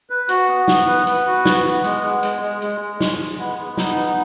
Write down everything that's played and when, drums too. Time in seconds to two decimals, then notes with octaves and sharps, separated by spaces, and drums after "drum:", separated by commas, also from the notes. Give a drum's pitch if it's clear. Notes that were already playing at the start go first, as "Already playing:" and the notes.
0.10 B4
0.29 F#4, drum: hi-hat
0.48 B3
0.68 B3, drum: snare
0.87 B4
1.07 B4, drum: hi-hat
1.26 F#4
1.45 B3, drum: snare
1.64 B3
1.84 G#3, drum: hi-hat
2.03 G#3
2.23 G#3, drum: hi-hat
2.42 G#3
2.62 G#3, drum: hi-hat
2.80 G#3
3.01 G#3, drum: snare
3.19 G#3
3.39 B3
3.59 B3
3.77 D#4, drum: snare
3.97 B3